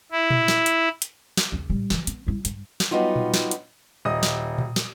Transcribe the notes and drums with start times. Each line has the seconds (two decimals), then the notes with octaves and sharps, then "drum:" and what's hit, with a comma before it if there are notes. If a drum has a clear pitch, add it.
0.12 E4
0.30 drum: tom A#2
0.48 drum: snare
0.66 drum: hi-hat
1.02 drum: hi-hat
1.37 drum: snare
1.52 D#2 C#3
1.70 A2 G3
1.90 E3 F3, drum: snare
2.07 B3, drum: hi-hat
2.27 G3 E4
2.45 G2, drum: hi-hat
2.80 drum: snare
2.91 F#3 G3 B3 D#4 F4 F#4
3.16 drum: tom A#2
3.34 drum: snare
3.51 drum: hi-hat
4.05 D#1 D#5 D#6
4.23 drum: snare
4.58 drum: tom A#2
4.76 drum: snare